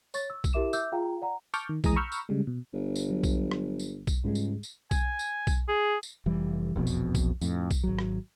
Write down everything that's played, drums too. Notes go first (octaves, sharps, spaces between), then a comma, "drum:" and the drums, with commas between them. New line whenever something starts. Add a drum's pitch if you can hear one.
C#5 C#6 A6, drum: tambourine
E6
drum: kick B1, tambourine
E4 G4 A#4 E5 D6 E7
E5 D6 E6 G6, drum: tambourine
F4 G#4 F5 G5 A#5
D5 F#5 A#5
A5 C#6 D6 F6 G6, drum: tambourine
D#3
D#2 E3 G#3 G#5 A#5 D#6, drum: kick B1, tambourine
A#5 B5 C#6 E6 F6 G6
drum: tambourine
C#3 G3 G#3
B2
G1
drum: tambourine
F#3
drum: kick B1, tambourine
drum: rim click
drum: tambourine
drum: kick B1, tambourine
C#2 G#2 G3 G#3
drum: tambourine
drum: tambourine
G#5, drum: kick B1, tambourine
drum: tambourine
drum: kick B1, tambourine
G#4
drum: tambourine
F1 E3 G3
E1 A#1 F2 B2
drum: tambourine
drum: kick B1, tambourine
F2 A2, drum: tambourine
drum: kick B1, tambourine
G#1 F#3
drum: rim click